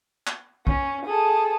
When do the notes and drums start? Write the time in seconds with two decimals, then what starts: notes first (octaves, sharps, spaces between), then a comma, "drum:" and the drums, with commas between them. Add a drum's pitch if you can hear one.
0.27 drum: clap
0.67 C#4, drum: kick
1.05 G#4 A4